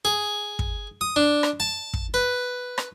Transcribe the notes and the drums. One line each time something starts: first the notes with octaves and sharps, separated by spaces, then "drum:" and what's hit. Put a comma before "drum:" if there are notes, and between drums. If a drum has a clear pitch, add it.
G#4
drum: kick
D#6
D4
drum: rim click
A5
drum: kick
B4
drum: rim click